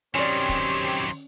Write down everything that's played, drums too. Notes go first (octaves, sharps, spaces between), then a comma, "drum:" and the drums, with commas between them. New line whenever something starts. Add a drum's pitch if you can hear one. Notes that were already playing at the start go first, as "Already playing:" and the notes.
D#3 F#3 C4 C#4 G4 C#5 D5 C6, drum: hi-hat
drum: kick C#1, hi-hat
drum: open hi-hat